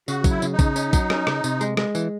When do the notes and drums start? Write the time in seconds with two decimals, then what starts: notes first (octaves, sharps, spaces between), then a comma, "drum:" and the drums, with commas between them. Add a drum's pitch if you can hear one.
0.08 C#3 F#4, drum: tambourine
0.24 F#3, drum: kick, tambourine
0.30 E4
0.42 C#3, drum: tambourine
0.53 D#4
0.59 C#3, drum: kick, tambourine
0.76 C#4, drum: tambourine
0.93 F#3, drum: kick, tambourine
1.10 C#4, drum: rim click
1.27 C#3, drum: rim click
1.44 C3, drum: tambourine
1.61 G#3, drum: tambourine
1.77 G#3, drum: rim click
1.95 E3, drum: tambourine